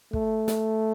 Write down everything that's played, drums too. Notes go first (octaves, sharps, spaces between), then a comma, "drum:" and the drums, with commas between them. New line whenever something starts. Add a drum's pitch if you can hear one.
A3, drum: kick
drum: snare